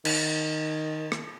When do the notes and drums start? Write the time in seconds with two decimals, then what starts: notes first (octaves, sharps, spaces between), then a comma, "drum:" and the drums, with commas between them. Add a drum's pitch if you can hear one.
0.05 D#3, drum: cymbal
1.12 drum: rim click